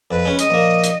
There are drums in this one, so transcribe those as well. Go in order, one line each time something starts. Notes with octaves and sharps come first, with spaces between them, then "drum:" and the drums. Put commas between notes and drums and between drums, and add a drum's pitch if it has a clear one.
F2 B4
G#3 C#4
D#5, drum: hi-hat
A#1 A#3
drum: hi-hat